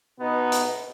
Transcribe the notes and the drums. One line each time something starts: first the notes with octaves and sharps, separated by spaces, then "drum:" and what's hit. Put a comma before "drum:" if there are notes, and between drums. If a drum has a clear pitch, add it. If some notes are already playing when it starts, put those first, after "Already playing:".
B2 B3 D#4
drum: hi-hat